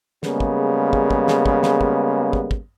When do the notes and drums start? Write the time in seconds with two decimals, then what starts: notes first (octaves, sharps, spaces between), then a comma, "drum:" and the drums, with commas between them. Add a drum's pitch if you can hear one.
0.23 C#3 G3 G#3 A#3 B3, drum: snare
0.40 drum: kick
0.93 drum: kick
1.11 drum: kick
1.28 drum: snare
1.46 drum: kick
1.63 drum: snare
1.81 drum: kick
2.33 drum: kick
2.51 drum: kick